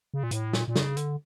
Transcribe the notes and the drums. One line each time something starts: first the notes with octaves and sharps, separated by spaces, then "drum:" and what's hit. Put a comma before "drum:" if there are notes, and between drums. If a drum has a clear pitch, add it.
C#3
A#2
A2, drum: hi-hat
A#2, drum: snare
A#2
C#3, drum: snare
D3, drum: hi-hat